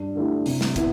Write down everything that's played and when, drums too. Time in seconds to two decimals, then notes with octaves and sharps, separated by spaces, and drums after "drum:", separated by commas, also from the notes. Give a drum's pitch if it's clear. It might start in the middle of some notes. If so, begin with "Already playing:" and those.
Already playing: G2
0.15 D3 A3 E4 G4
0.46 C3, drum: open hi-hat
0.61 drum: snare
0.76 B3 E4, drum: kick, hi-hat